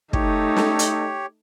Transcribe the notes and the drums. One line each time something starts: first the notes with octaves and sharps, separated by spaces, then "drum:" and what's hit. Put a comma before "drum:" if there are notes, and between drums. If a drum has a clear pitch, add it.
A3 D#4 G4 C#5, drum: kick
drum: snare
drum: hi-hat